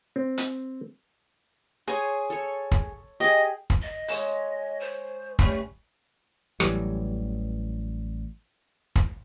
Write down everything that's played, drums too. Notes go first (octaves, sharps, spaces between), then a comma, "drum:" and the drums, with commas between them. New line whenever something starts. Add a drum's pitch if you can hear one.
C4
drum: hi-hat
G#4 C5 C#5 G#5
A4 C#5
drum: kick
G4 G#4 D#5
drum: kick
D#5
G#3 C#5 G#5, drum: open hi-hat
C5
G3 A3 C#4 B4, drum: kick
A1 E3 F#3 G3, drum: rim click
drum: kick